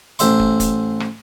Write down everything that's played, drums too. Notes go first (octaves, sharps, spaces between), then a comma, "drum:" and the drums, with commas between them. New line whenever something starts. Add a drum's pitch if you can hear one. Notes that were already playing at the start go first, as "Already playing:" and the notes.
A1 C5 E5 C6, drum: hi-hat
drum: kick
drum: kick, hi-hat
drum: rim click